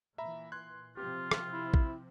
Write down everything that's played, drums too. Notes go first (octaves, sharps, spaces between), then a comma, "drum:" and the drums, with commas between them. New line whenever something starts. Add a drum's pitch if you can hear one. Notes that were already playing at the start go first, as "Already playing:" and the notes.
A#2 E3 E5 A#5 B5
C6 F#6 G#6
C3 F3 C4 F4 G4
drum: rim click
E4
drum: kick A#1